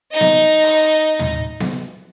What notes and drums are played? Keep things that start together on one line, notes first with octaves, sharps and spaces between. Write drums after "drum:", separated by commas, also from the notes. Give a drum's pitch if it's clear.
D#4 D#5
drum: snare B3
drum: open hi-hat
drum: tom
drum: snare B3